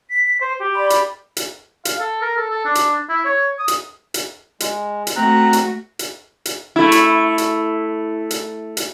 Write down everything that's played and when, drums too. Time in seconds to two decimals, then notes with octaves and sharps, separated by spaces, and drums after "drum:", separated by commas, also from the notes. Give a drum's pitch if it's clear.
0.09 B6
0.40 C5
0.59 G4
0.76 D5 B5 C6
0.90 drum: hi-hat
1.37 drum: hi-hat
1.85 F5, drum: hi-hat
1.99 A4
2.22 A#4
2.37 A4
2.50 A4
2.65 D4
2.75 drum: hi-hat
3.09 E4
3.25 C#5
3.59 D#6
3.68 drum: hi-hat
4.14 drum: hi-hat
4.60 G#3, drum: hi-hat
5.07 drum: hi-hat
5.16 A3 C4 F#4 A#5 F#6
5.53 drum: hi-hat
5.99 drum: hi-hat
6.45 drum: hi-hat
6.76 A3 E4
6.92 drum: hi-hat
7.38 drum: hi-hat
8.31 drum: hi-hat
8.77 drum: hi-hat